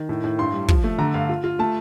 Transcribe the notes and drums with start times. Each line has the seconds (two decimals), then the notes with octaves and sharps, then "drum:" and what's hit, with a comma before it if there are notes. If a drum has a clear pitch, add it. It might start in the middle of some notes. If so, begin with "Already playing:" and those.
Already playing: D#3
0.09 A2
0.24 A2
0.38 G2 C6
0.53 G3
0.68 F3, drum: kick
0.84 A3
0.99 D3 A#5
1.14 G2 F5
1.29 F4
1.44 F4
1.59 A3 A5